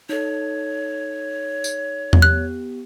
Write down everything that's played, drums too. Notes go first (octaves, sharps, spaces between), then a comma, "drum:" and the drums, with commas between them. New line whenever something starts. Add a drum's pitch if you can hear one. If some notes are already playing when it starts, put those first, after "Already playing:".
D#4 A4 C#5
drum: tambourine
drum: tom E2
B3 G4 F#6